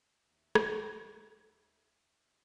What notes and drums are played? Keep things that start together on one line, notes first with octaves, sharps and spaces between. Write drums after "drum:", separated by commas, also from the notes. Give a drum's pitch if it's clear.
D#2 E5
drum: rim click